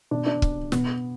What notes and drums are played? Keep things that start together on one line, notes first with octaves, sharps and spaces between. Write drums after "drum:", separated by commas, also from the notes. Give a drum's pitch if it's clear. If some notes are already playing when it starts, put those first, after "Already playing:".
B2 D4
D4
drum: kick
B2 B3, drum: snare